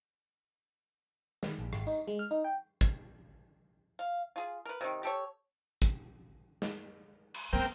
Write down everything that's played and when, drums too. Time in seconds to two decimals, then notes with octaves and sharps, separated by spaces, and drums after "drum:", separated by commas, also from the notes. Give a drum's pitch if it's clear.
1.43 D#3, drum: snare
1.59 A#1
1.73 G#1, drum: rim click
1.87 D#4, drum: tambourine
2.07 G#3, drum: hi-hat
2.19 F6
2.31 D#4
2.44 G5
2.81 drum: kick
3.99 F5
4.36 F4 G#4
4.65 A#4 B4
4.81 C3 D#3
5.03 G4 A4 C#5
5.82 drum: kick
6.62 drum: snare
7.34 drum: cymbal
7.53 B3 C4 A#4 G5